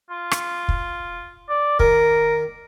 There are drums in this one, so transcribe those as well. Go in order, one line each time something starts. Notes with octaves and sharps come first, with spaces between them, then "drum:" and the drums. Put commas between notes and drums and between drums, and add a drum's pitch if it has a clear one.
F4
drum: rim click
drum: kick
D5
D#3 A#4, drum: kick